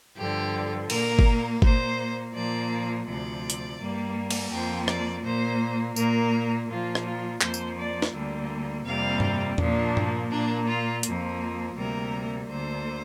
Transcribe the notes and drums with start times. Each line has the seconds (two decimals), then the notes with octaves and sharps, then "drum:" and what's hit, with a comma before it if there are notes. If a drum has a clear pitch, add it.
0.17 G2 D3 F3 G4
0.90 A#2 A#3 A#4, drum: cymbal
1.19 drum: kick G1
1.62 A#2 A#3 C5, drum: kick G1
2.34 A#2 F3 A#3 D5
3.07 D2 C3 F3 D5
3.50 drum: hi-hat
3.79 G2 G3 A#3
4.31 drum: cymbal
4.52 F2 F3 A#3 G5
4.88 D5, drum: rim click
5.24 A#2 A#3 C5
5.96 A#2 A#3 A#4, drum: tambourine
6.68 A#2 F3 A#3 F4
6.95 drum: rim click
7.05 F4
7.41 F2 F3 A#3 C5, drum: clap
7.54 drum: tambourine
7.78 D5
8.02 drum: snare
8.14 D2 D3 G3 A#3
8.86 F2 C3 G3 A#3 F5
9.20 drum: tom G2
9.58 A#2 F3 A#3 D4, drum: tom E2
9.97 drum: tom G2
10.31 A#2 A#3 D4
10.68 F4
11.03 F2 F3 A#3, drum: hi-hat
11.75 D2 C3 G3 A#3 A#4
12.48 D2 D3 A#3 C5